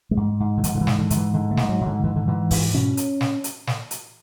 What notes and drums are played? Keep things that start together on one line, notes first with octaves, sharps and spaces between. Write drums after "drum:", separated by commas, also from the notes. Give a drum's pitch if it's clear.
G#3
G#2
G#2
D3
G#2 E3, drum: hi-hat
D3
E3
G#2, drum: snare
D3
G#2, drum: hi-hat
E3
G#2 D3
A3
G#2, drum: snare
G#3
F#3
G#2
D3
G#2 E3
D3
G#2 E3
G#2, drum: kick, open hi-hat
B2 C#4
drum: hi-hat
drum: snare
drum: hi-hat
drum: snare
drum: hi-hat